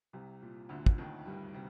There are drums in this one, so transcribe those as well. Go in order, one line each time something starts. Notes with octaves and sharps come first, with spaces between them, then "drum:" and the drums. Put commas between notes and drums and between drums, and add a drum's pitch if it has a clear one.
C2 C3
A#2
D2 D3
drum: kick
D#2 D#3
G2 G3
C3